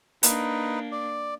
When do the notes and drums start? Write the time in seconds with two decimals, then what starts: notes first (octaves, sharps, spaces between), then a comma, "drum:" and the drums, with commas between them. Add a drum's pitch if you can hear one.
0.23 A#3 D4 D#4 B4, drum: hi-hat
0.92 D5